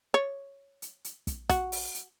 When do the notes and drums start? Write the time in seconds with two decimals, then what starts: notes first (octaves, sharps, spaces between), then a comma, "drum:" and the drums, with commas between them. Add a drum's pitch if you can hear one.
0.14 C#5
0.82 drum: hi-hat
1.05 drum: hi-hat
1.27 drum: kick, hi-hat
1.50 F#4, drum: kick, hi-hat
1.72 drum: open hi-hat
1.94 drum: hi-hat